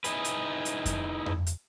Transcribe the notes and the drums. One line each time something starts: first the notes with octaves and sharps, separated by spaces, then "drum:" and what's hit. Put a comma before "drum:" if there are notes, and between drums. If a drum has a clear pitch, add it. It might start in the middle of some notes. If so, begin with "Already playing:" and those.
D#4 E4 G#4 B4, drum: hi-hat
drum: hi-hat
drum: hi-hat
drum: kick F2, hi-hat
drum: tom F2
drum: hi-hat